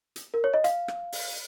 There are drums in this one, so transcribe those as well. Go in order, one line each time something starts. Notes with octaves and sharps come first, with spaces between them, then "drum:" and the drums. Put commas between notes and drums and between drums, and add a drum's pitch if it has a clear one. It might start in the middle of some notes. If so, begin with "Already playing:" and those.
drum: hi-hat
A#4
C#5
D#5
F5, drum: hi-hat
drum: rim click
drum: open hi-hat